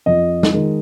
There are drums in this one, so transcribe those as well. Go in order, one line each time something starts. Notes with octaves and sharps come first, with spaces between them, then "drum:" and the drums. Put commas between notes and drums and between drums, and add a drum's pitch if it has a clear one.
F2 D#5
drum: snare
D#3 G#3